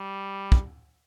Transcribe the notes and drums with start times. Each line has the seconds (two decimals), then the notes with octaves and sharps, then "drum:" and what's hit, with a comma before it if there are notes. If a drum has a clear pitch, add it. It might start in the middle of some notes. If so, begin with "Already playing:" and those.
Already playing: G3
0.52 drum: kick